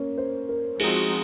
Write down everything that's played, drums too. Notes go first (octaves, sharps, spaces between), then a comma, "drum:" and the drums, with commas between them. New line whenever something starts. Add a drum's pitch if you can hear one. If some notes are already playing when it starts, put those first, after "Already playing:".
Already playing: A#3 C#4
C5
A#4
F3 G#3 C4 D#4 F#4 G#4, drum: cymbal